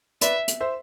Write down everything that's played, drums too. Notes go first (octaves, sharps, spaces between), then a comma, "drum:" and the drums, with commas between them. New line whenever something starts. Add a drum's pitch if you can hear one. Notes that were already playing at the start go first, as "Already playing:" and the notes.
B4 D5 E5, drum: hi-hat
drum: hi-hat
C5 E5